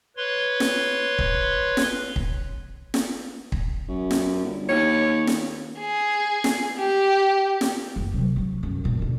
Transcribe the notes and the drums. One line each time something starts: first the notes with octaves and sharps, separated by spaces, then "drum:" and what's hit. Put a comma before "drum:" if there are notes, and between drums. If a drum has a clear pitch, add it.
B4 C#5 C6
drum: snare
drum: kick
drum: snare
drum: kick
drum: snare
drum: kick
F#2
drum: snare
G1
D#2 C#5
drum: snare
G#4
drum: snare
G4
drum: snare
F#1
C3 F#3
F#3
F#2
F#2 A#2
B2 D3